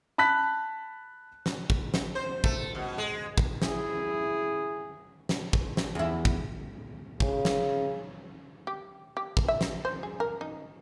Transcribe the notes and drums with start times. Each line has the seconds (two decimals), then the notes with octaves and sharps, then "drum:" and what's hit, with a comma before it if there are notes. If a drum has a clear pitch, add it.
0.18 A5 B5 F#6 B6
1.46 drum: snare
1.70 drum: kick
1.94 drum: snare
2.15 C5
2.44 A3, drum: kick
2.75 B2
2.98 G#3
3.38 drum: kick
3.62 E4 G#4, drum: snare
5.29 drum: snare
5.53 drum: kick
5.77 drum: snare
5.95 E2 E4
6.25 drum: kick
7.20 C#3, drum: kick
7.45 drum: snare
8.67 G4
9.17 G4
9.37 drum: kick
9.48 E5
9.61 drum: snare
9.85 C5
10.03 G#4
10.20 A#4
10.41 D#4